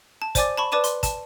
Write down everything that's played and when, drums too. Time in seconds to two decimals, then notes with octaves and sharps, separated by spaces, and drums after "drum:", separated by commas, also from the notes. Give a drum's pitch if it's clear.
0.22 A5
0.35 C5 D5 G#5 D6 A6, drum: kick, hi-hat
0.57 A5 B5 C#6
0.72 B4 D5 A5 D6 D#7 E7
0.84 C6, drum: hi-hat
1.03 A5, drum: kick, hi-hat